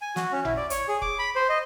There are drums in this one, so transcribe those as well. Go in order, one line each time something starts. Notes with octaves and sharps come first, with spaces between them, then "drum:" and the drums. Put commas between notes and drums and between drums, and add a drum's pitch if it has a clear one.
G#5
F#4, drum: snare
C#4
E4, drum: tom G#1
D5
C#5, drum: hi-hat
G#4
D6, drum: kick
B5
C5
D#5